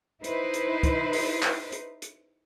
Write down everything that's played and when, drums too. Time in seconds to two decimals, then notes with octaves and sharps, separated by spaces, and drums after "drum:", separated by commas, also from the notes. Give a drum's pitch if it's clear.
0.24 D#4 E4 B4 C5, drum: hi-hat
0.54 drum: hi-hat
0.83 drum: kick, hi-hat
1.13 drum: open hi-hat
1.43 drum: clap
1.72 drum: hi-hat
2.02 drum: hi-hat